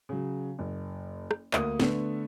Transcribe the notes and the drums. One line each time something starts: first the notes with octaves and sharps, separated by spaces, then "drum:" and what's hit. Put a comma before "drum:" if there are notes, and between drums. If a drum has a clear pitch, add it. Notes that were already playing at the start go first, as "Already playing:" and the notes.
C#3 F#3
F#1
drum: rim click
D2 A#3 D#6, drum: clap
D3 A3 B3, drum: snare B3